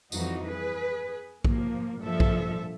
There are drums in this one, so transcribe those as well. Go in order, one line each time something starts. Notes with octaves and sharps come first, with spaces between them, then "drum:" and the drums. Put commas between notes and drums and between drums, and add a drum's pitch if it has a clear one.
F2 E3 G3 D#4 F#4, drum: tambourine
G#4 B4
F3 A#3, drum: kick A#1
G2 A#2 F3 A4 E5
drum: kick A#1